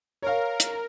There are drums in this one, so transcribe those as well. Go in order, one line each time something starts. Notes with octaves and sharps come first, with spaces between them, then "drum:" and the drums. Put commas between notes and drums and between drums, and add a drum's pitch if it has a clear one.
A#4 C#5 F5
drum: hi-hat